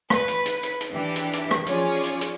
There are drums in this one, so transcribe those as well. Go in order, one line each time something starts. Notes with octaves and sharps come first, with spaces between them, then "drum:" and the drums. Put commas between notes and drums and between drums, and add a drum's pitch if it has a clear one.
B4, drum: rim click
drum: hi-hat
drum: hi-hat
drum: hi-hat
drum: hi-hat
E3 D4 G4
drum: hi-hat
drum: hi-hat
drum: rim click
F3 C#4 F4 G#4 C#5 D5, drum: hi-hat
drum: hi-hat
drum: hi-hat